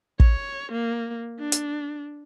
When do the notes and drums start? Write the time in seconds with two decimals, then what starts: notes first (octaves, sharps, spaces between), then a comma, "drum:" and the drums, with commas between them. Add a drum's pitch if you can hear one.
0.20 C#5, drum: kick
0.72 A#3
1.40 D4
1.52 drum: hi-hat